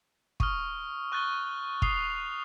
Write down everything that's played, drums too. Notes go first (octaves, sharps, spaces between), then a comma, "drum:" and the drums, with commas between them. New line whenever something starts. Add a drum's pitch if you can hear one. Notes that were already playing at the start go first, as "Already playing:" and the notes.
C#6 D#6 F6, drum: kick
C#6 F#6 G6 A6 D#7 G7
D#6 C7 F7 G7, drum: kick